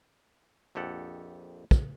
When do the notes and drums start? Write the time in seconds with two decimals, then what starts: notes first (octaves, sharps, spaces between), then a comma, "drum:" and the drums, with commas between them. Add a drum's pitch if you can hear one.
0.75 A#1 F2 G4 A4 F#5
1.71 drum: kick